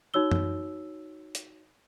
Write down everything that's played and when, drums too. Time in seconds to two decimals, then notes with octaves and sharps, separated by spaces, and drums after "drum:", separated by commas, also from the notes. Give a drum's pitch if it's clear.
0.14 D#4 F#4 C#5 E6 G7
0.31 drum: tom F#2
1.35 drum: hi-hat